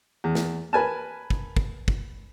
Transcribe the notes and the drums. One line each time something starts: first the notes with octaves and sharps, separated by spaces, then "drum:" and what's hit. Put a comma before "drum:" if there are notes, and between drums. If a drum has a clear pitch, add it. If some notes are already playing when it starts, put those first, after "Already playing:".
E2
drum: snare
A#4 B4 G#5 A5
drum: kick
drum: kick
drum: kick